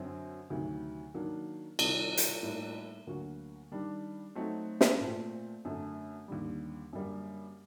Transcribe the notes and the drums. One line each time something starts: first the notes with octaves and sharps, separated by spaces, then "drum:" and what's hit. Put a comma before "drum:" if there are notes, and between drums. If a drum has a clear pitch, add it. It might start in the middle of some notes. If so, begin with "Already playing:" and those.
Already playing: F#2 D3 F#3 C4
D2 C3 D#3 F#3
D#3 F#3 A#3 D4
C3 D#3 G3 C4 F#4, drum: cymbal
drum: hi-hat
A2 G3 A#3 D#4
D2 D3 F#3 A#3 F#4
D#3 G3 D4
F#3 A3 C4 D#4 F#4
drum: snare
A#2 A3 C4
F#2 D3 A3
D#2 D3 G3
F#2 D3 G3 A#3